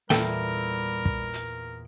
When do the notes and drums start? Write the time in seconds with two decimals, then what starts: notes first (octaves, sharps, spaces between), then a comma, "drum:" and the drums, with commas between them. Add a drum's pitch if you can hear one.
0.10 E2 A#2 G3 A4 A#4 G5 D7, drum: snare
1.05 drum: kick
1.33 drum: hi-hat